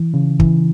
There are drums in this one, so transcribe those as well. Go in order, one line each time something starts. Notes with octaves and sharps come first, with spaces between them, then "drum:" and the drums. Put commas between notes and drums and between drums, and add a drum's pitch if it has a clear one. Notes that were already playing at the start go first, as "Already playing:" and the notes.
Already playing: E3
C#3
E3, drum: kick